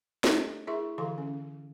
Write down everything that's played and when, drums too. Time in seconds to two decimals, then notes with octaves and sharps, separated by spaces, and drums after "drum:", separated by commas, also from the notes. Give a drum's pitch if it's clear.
0.24 A3 D4 G4 A4 C#5, drum: snare
0.67 E4 G#4 A#4 E5 C6 C#6
0.98 D3 E3 A4 F5 C6
1.18 C#4